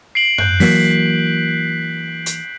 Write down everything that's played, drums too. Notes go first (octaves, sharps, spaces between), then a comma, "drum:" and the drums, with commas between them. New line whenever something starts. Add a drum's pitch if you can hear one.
C7 D7 F#7
F#6 G6, drum: tom F#2
E3 F#3 A#3 B6, drum: open hi-hat
drum: hi-hat